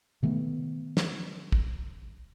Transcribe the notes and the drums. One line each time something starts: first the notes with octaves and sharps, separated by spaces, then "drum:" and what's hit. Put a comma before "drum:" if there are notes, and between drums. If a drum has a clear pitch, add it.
C3 D#3 A3 B3
drum: snare
drum: kick